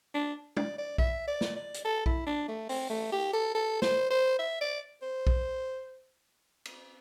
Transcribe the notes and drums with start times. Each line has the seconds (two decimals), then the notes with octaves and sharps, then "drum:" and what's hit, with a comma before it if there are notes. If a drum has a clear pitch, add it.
0.14 D4
0.57 D5, drum: tom
0.78 D5
0.98 E5, drum: kick B1
1.28 D5
1.41 drum: snare
1.56 D5
1.74 drum: hi-hat
1.85 A4
2.06 E4, drum: kick B1
2.27 D4
2.48 A3
2.69 C4, drum: open hi-hat
2.90 A3
3.12 G4
3.33 A4
3.55 A4
3.82 C5, drum: snare
4.11 C5
4.39 E5
4.61 D5
5.02 C5
5.27 drum: kick B1
6.65 drum: cymbal